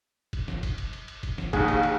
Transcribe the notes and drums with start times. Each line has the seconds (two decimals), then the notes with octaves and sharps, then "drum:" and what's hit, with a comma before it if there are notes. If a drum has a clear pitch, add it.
0.33 drum: kick, cymbal
0.48 drum: snare
0.63 drum: kick, cymbal
0.78 drum: cymbal
0.93 drum: cymbal
1.08 drum: cymbal
1.23 drum: kick, cymbal
1.38 drum: snare
1.53 A#1 D#2 G#4, drum: kick, cymbal
1.68 drum: cymbal
1.83 drum: cymbal